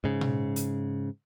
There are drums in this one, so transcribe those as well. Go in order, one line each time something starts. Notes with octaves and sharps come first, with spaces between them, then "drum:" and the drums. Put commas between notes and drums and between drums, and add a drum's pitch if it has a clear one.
G#2 C#3
drum: tom A#2
drum: hi-hat